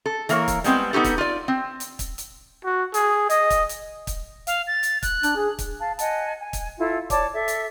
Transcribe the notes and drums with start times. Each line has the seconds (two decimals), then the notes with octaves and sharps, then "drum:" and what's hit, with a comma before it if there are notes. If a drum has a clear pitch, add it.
0.06 A4
0.29 E3 A#3 A#4 C#5, drum: hi-hat
0.48 drum: kick, hi-hat
0.64 G3 G#3 B3 C4, drum: hi-hat
0.93 B3 D#4 F4 G4 A4
1.04 drum: kick, hi-hat
1.18 F4 D5
1.48 C4
1.80 drum: hi-hat
1.99 drum: kick, hi-hat
2.18 drum: hi-hat
2.64 F#4
2.94 G#4, drum: hi-hat
3.30 D#5, drum: hi-hat
3.50 drum: kick, hi-hat
3.69 drum: hi-hat
4.07 drum: kick, hi-hat
4.47 F5, drum: hi-hat
4.67 A6
4.83 drum: hi-hat
5.03 F#6, drum: kick, hi-hat
5.23 D4, drum: hi-hat
5.36 G#4
5.59 drum: kick, hi-hat
5.80 F5 A5
5.99 D#5 F#5 G#5 A5, drum: hi-hat
6.39 G#5
6.53 drum: kick, hi-hat
6.78 E4 F4 A4
7.10 C#5 D5 A5 D6, drum: kick, hi-hat
7.33 A4 E5
7.48 drum: hi-hat